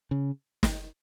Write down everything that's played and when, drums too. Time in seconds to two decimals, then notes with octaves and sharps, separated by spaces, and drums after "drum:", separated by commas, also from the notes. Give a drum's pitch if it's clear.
0.11 C#3
0.63 drum: snare